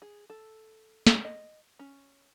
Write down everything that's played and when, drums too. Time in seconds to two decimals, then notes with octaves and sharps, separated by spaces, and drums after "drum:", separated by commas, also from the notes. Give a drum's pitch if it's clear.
0.02 G#4
0.30 A4
1.07 drum: snare
1.24 D#5
1.79 C#4